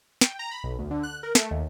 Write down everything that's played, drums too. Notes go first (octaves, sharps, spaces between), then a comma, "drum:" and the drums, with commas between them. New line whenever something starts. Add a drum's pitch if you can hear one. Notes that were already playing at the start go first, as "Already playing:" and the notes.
G5, drum: snare
A#5
B5
B1
D2
D3
F#6
A#4
A3, drum: snare
D#2